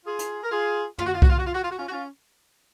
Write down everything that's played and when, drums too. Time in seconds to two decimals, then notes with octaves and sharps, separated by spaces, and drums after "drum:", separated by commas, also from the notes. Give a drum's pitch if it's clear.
0.05 F4 G#4
0.19 drum: hi-hat
0.44 A#4
0.52 F4 G#4
0.98 F4, drum: tom
1.06 F#4
1.14 F4
1.22 F#4, drum: kick C2
1.30 F4
1.38 F#4
1.46 F4
1.54 F#4
1.62 F4
1.70 F#4
1.78 C#4 F4
1.88 F#4
1.91 C#4 F4